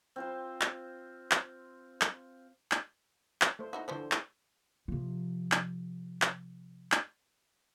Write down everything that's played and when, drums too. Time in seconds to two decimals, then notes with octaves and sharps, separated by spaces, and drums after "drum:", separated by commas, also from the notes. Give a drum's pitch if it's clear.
0.16 C4 F4 C5
0.61 drum: clap
1.31 drum: clap
2.01 drum: clap
2.71 drum: clap
3.42 drum: clap
3.59 A3 C5
3.73 D#4 E4 F#4
3.88 D3 E3 F3 B3 C5
4.12 drum: clap
4.88 C3 F3
5.52 drum: clap
6.22 drum: clap
6.92 drum: clap